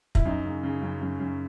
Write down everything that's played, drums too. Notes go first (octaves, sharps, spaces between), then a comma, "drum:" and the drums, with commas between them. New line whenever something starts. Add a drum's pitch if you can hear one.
E4, drum: kick
F#2 D#4
C#3
C#3
F#2
F#2
F#2